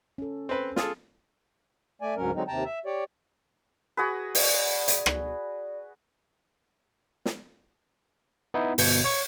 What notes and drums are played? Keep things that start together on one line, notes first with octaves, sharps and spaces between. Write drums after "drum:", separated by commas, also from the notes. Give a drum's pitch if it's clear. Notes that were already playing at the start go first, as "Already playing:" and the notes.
C#4 A4
C4 B4
F4 G#4 A4, drum: snare
A3 D5 G#5
D2 G#2 F#3 C#4 A#4
D3 F#3 G#3 C4 D#4
D#2 C3 G5 A5 A#5
E5
G4 C#5 D5
F#4 G#4 B4
D5, drum: open hi-hat
drum: hi-hat
drum: rim click
drum: snare
B3 D#4 E4
G1 B2 G6 G#6 C#7, drum: open hi-hat
C#5 C#6